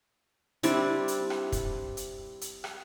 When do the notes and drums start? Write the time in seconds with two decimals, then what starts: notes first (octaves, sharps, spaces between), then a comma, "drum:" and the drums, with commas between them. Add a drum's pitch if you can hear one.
0.63 G3 C4 D4 E4, drum: hi-hat
1.08 drum: hi-hat
1.30 drum: rim click
1.52 drum: kick, hi-hat
1.97 drum: hi-hat
2.41 drum: hi-hat
2.64 drum: rim click